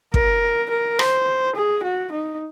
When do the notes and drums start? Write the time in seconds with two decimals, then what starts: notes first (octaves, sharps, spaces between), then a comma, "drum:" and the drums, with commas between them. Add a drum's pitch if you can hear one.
0.14 A#4, drum: kick
0.70 A#4
0.99 C5, drum: rim click
1.56 G#4
1.84 F#4
2.12 D#4